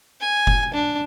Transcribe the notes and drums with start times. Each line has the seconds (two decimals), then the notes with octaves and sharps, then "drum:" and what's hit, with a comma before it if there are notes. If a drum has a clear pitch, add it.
0.21 G#5
0.47 drum: kick F1
0.74 D4